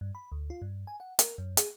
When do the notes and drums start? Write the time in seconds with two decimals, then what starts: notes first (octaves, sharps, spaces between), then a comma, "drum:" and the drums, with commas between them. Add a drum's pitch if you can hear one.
0.01 G2
0.15 B5
0.32 D2
0.50 F4
0.62 G2
0.87 G#5
1.00 F#5
1.19 A#4, drum: hi-hat
1.38 F#2
1.57 G#4, drum: hi-hat